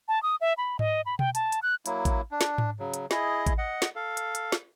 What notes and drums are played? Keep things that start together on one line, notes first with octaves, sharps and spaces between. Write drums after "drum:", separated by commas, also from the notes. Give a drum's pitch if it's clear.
A5
D#6
E5
B5
D#5, drum: tom G#2
B5
G5, drum: tom B2
A5, drum: hi-hat
drum: hi-hat
F#6
F#3 A#3 E4, drum: hi-hat
drum: kick A1, hi-hat
D4
drum: snare
drum: tom G#2
C#3 F#3
drum: hi-hat
E4 G#4 D#5, drum: snare
drum: kick A1, hi-hat
D#5 F#5
drum: snare
A4 F5
drum: hi-hat
drum: hi-hat
drum: snare